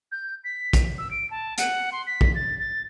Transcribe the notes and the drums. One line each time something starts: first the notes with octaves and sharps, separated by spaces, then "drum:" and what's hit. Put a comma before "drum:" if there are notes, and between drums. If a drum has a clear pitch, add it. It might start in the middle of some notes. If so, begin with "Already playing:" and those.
G6
B6
drum: kick, hi-hat
E6
D7
A5
F#5, drum: hi-hat
C6
B6
drum: kick
A6
A6